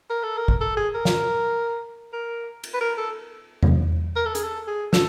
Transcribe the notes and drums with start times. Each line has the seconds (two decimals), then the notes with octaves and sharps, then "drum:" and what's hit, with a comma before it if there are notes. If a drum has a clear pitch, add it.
0.10 A#4
0.23 A4
0.37 A#4
0.48 drum: kick
0.61 A4
0.77 G#4
0.95 A#4
1.05 drum: snare
2.13 A#4
2.64 drum: cymbal
2.74 B4
2.81 A#4
2.98 A4
3.63 drum: tom E2
4.16 A#4
4.25 A4
4.35 G#4, drum: hi-hat
4.44 A4
4.67 G#4
4.93 A4, drum: snare